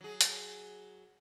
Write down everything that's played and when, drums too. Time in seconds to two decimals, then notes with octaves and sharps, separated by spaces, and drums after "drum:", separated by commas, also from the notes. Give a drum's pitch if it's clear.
0.01 F#3 G#4
0.21 drum: hi-hat